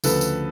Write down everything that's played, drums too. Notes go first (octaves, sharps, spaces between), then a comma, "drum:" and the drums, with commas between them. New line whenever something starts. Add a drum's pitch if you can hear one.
D2 C#3 F3 A4 B4, drum: tambourine
drum: tambourine